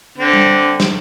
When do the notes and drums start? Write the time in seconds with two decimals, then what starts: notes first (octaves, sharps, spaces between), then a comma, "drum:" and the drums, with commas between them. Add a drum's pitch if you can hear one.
0.18 D3 C4
0.33 drum: tom G3
0.80 drum: snare